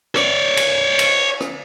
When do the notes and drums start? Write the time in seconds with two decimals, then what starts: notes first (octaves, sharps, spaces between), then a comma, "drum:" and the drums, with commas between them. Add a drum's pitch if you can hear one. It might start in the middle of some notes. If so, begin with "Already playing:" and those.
0.16 C#5 D5, drum: rim click
0.57 drum: cymbal
0.99 drum: cymbal
1.40 drum: rim click